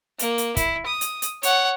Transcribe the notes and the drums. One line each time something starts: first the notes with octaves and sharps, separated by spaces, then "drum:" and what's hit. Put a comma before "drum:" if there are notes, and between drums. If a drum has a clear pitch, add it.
A#3, drum: hi-hat
drum: hi-hat
E4, drum: kick, hi-hat
D#6
drum: hi-hat
drum: hi-hat
C#5 F#5, drum: hi-hat